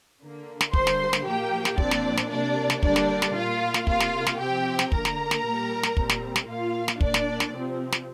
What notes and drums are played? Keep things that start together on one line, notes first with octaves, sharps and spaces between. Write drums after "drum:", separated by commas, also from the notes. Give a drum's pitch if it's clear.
D3 A#3
drum: snare
D3 G3 A#3 C5 C6, drum: kick
drum: snare
drum: snare
A#2 F3 A#3 G4 G5
drum: snare
A#2 F3 C4 D4 D5, drum: kick
drum: snare
drum: snare
C3 A#3 D4 D5
drum: snare
D3 G3 A#3 D4 D5, drum: kick
drum: snare
drum: snare
A#2 A#3 F4 F5
drum: snare
C3 A#3 F4 F5, drum: kick
drum: snare
drum: snare
C3 F3 C4 G4 G5
drum: snare
D3 A#3 A#4 A#5, drum: kick
drum: snare
drum: snare
A#2 G3 A#3
drum: snare
A#2 G3 C4, drum: kick
drum: snare
drum: snare
A#2 A#3 F4 F5
drum: snare
A#2 A#3 D4 D5, drum: kick
drum: snare
drum: snare
C3 F3 C4
drum: snare